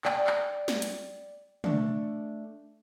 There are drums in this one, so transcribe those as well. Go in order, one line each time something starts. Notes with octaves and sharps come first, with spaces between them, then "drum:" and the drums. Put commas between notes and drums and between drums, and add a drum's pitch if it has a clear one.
D5 G5, drum: clap
drum: clap
drum: snare
drum: hi-hat
A3 D4, drum: tom